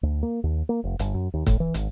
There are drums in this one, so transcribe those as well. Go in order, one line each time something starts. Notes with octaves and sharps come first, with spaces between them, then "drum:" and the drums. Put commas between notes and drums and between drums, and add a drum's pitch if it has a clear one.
D2
A#3
D#2
A#3
F1
G1, drum: hi-hat
F#2
D#2
A2, drum: kick, hi-hat
E3
G#1, drum: hi-hat